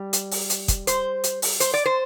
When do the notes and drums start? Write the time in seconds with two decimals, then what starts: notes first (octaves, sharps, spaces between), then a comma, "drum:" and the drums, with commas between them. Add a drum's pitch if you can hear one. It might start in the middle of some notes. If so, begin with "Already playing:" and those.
Already playing: G3
0.13 drum: hi-hat
0.31 drum: open hi-hat
0.50 drum: hi-hat
0.68 drum: kick, hi-hat
0.87 C5, drum: hi-hat
1.24 drum: hi-hat
1.42 drum: open hi-hat
1.60 C5, drum: hi-hat
1.74 D5
1.86 C5